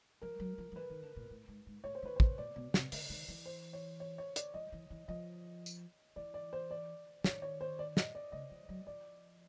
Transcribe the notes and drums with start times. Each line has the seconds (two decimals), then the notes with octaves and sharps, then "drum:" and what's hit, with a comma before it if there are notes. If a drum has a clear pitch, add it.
0.22 F3 A#4
0.40 F#3
0.58 F3
0.72 F3
0.76 E3 B4
0.90 D#3
1.03 D3
1.16 A#2
1.30 A2
1.48 G#2
1.66 G#2
1.84 A2 C#5
1.95 C5
2.02 D#3 B4
2.16 C5
2.20 D3, drum: kick
2.38 A#2 D5
2.56 B2
2.74 C3, drum: snare
2.92 D3, drum: open hi-hat
3.10 D#3
3.28 E3
3.46 C5
3.73 C#5
4.00 C#5
4.18 C#5
4.36 D5, drum: hi-hat
4.54 F3 D#5
4.72 E3
4.90 E3
5.08 F3 D#5
5.66 drum: tambourine
6.16 E3 D5
6.34 D5
6.53 C5
6.71 D5
7.24 D#3 C#5, drum: snare
7.42 C#5
7.61 C5
7.79 D5
7.97 D#5, drum: snare
8.15 D5
8.32 C#3 D#5
8.51 F3
8.69 F#3
8.87 F3 D5